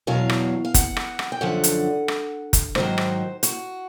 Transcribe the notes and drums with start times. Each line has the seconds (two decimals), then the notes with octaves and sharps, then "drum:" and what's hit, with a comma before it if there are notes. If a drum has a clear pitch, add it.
0.07 E2 B2 F#3 F5
0.29 drum: rim click
0.65 F5
0.74 F#5, drum: kick F#1, hi-hat
0.97 drum: rim click
1.19 drum: rim click
1.32 G5
1.41 F#2 D3 F3 F#5
1.64 drum: hi-hat
2.08 drum: rim click
2.53 drum: kick F#1, hi-hat
2.75 G#2 D#3 F#3 C5, drum: rim click
2.98 drum: rim click
3.43 F#4, drum: hi-hat